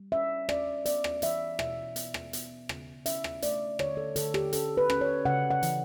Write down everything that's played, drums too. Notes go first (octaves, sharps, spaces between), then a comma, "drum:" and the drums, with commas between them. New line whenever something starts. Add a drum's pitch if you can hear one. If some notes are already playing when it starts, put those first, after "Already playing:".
Already playing: G3
C#4 E5
C#4 D5, drum: rim click
B3 D5, drum: hi-hat
drum: rim click
E3 E5, drum: hi-hat
B2 E5, drum: rim click
B3, drum: hi-hat
drum: rim click
B3, drum: hi-hat
C#3, drum: rim click
C#4 E5, drum: hi-hat
drum: rim click
A3 D5, drum: hi-hat
D3 C#5, drum: rim click
A4
D3 A4, drum: hi-hat
G4, drum: rim click
C#4 A4, drum: hi-hat
B4
C#4, drum: rim click
C#5
C#3 F#5
F#5
E3, drum: hi-hat